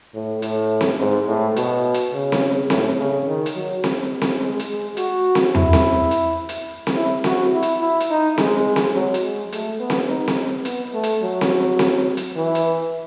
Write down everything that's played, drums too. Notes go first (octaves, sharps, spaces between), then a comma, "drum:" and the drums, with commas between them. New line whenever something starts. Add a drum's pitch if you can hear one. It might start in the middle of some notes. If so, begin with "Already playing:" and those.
A2
A2, drum: hi-hat
drum: snare C4
G#2
A2
B2, drum: hi-hat
drum: hi-hat
C#3
drum: snare C4
A2, drum: snare C4
C#3
D#3
drum: hi-hat
F#3
drum: snare C4
drum: snare C4
G#3
drum: hi-hat
G#3
F#4, drum: hi-hat
drum: snare C4
E4, drum: tom E2
drum: snare C4
drum: hi-hat
drum: hi-hat
drum: snare C4
E4
F#4, drum: snare C4
E4
drum: hi-hat
E4
drum: hi-hat
D#4
G#3, drum: snare C4
drum: snare C4
F#3
drum: hi-hat
G#3
A3, drum: hi-hat
B3
drum: snare C4
D#4
drum: snare C4
B3, drum: hi-hat
A3
drum: hi-hat
F#3
drum: snare C4
drum: snare C4
drum: hi-hat
E3
drum: hi-hat